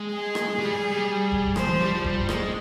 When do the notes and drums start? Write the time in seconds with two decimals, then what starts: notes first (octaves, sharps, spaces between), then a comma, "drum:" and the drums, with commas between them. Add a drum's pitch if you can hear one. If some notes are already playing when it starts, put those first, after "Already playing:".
Already playing: G#3
0.11 G#4
0.35 drum: rim click
0.59 G3
0.91 G3
1.32 drum: kick E1
1.56 F3 C5, drum: rim click
1.68 F3
1.80 G3
1.92 F3
2.04 G3, drum: kick E1
2.29 G#3, drum: rim click